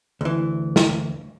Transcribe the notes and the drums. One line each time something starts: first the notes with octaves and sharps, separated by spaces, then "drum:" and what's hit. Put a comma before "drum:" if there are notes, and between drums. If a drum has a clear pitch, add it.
D2 E3
drum: snare